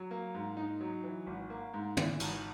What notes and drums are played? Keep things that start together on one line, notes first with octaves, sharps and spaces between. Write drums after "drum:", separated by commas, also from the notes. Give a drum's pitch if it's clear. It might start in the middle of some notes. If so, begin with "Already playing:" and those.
Already playing: F#3
A#3
G#2
D#4
F#3
E3
G#1
A#3
G#2
E3, drum: tom
G#1, drum: cymbal